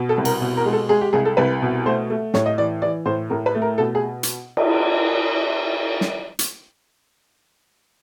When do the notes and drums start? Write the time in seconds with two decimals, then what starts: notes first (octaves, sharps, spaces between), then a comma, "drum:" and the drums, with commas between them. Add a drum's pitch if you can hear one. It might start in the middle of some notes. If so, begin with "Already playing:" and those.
Already playing: B2
0.09 A4
0.18 C2
0.25 A#4, drum: cymbal
0.41 B2
0.57 A#4
0.66 G#3
0.73 A4
0.89 G#3 G#4
1.01 G4
1.13 C2 G#4
1.25 A4
1.37 C2 B4
1.62 B2
1.86 A3 C5
2.10 A3
2.34 A2 C#5, drum: snare
2.46 D#5
2.58 E3 D5
2.82 E3 D5
3.05 A2 C5
3.30 A2 A#4
3.46 B4
3.55 A3
3.62 A#4
3.78 B2 A4
3.95 G#4
4.23 drum: hi-hat
4.57 drum: cymbal
6.01 drum: snare
6.39 drum: hi-hat